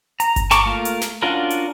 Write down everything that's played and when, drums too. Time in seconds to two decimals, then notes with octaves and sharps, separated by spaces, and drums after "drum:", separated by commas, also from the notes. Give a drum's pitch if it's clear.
0.20 A#5, drum: hi-hat
0.36 drum: kick G1, hi-hat
0.51 A5 A#5 C#6 D6, drum: snare
0.66 A3 A#3 F4 A#4
0.85 drum: hi-hat
1.01 drum: snare
1.22 C#4 D4 F4 F#4 A#4
1.50 drum: hi-hat